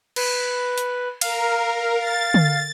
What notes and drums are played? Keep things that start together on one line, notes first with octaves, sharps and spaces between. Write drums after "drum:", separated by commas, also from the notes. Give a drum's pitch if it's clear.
B4, drum: cymbal
drum: hi-hat
A#4 F5, drum: cymbal
A6
drum: tom D3